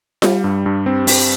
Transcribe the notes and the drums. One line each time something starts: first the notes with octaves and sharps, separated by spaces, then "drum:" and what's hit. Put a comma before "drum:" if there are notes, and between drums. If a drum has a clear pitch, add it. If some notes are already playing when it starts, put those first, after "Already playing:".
G3, drum: snare F4
G2
G2
C4
C4, drum: open hi-hat